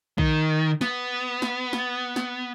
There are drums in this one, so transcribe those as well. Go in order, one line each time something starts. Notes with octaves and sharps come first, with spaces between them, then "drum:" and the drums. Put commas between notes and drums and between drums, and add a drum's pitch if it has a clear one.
D#3, drum: kick
B3, drum: snare
drum: snare
drum: snare
drum: snare